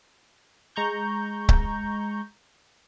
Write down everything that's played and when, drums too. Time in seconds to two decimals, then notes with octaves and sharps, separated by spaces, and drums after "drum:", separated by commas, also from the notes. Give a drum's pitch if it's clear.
0.76 G#3 A#5 C#6 G6
1.49 drum: kick C#1